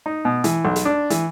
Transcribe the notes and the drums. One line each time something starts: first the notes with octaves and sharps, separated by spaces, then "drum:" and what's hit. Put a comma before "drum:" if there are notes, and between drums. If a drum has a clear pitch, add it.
D#4
B2
E3, drum: hi-hat
B1
drum: hi-hat
D4
E3, drum: hi-hat